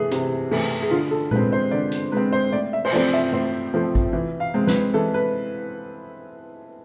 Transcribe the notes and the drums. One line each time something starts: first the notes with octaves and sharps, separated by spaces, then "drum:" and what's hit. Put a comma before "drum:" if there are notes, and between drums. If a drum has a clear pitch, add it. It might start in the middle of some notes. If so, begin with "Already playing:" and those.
Already playing: E3 A3 G#4 A4
C3, drum: hi-hat
E3 A3, drum: cymbal
G#4
D3 F4
A4
G#3 C4 B4, drum: tom A#2
C5
D3 D5
drum: hi-hat
G#3 C4 B4
C5
A2 D5
E5
C5, drum: cymbal
F3 A3 C4 D5
E5
A2 C5
F3 A3 C4
drum: kick G#1
E3
F5
G#3 C4
B4, drum: snare
E3 A4
B4